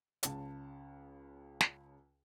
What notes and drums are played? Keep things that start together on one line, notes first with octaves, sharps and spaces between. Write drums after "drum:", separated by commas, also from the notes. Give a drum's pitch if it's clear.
C#2 C#3 A5, drum: hi-hat
drum: snare